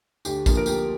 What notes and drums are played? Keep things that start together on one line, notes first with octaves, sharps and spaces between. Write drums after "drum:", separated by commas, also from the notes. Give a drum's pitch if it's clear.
D2 G4, drum: tambourine
D3 F3 A#3, drum: kick, tambourine
A#4
D2 G4, drum: tambourine